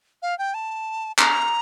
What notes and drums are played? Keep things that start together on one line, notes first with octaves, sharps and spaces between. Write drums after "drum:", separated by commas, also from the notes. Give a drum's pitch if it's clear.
F5
G5
A5
A#5, drum: clap